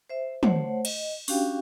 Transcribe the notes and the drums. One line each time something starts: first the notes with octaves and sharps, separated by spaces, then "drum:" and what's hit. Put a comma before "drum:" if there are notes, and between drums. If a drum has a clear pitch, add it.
C5 E5
A3 C5 C#5 F#5, drum: tom
D#5, drum: cymbal
C#4 D4 F#4 G4 F5 G5, drum: open hi-hat